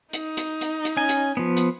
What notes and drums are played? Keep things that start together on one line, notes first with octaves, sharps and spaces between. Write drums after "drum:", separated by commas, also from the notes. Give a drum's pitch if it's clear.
D#4, drum: hi-hat
drum: hi-hat
drum: hi-hat
drum: hi-hat
C#4 G#5
drum: hi-hat
F3 B3
drum: hi-hat